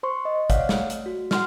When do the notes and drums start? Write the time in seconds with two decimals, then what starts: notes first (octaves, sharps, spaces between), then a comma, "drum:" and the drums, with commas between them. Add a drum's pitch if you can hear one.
0.03 C5 C6 C#6
0.25 D#5
0.50 C#5 D5 F5 F#5, drum: kick, hi-hat
0.69 A3, drum: snare
0.90 drum: hi-hat
1.06 F#4
1.31 F#5 C6 F6, drum: snare